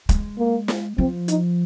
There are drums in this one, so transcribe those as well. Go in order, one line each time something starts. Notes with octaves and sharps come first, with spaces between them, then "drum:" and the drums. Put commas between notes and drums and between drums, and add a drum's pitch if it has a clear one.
G#3, drum: kick, hi-hat
A#3
drum: snare
F3 C4
D#4, drum: hi-hat